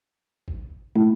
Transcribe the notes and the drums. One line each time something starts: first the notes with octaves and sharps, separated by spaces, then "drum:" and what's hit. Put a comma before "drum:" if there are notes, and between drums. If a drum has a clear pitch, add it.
drum: kick
B2 A3 E4, drum: tom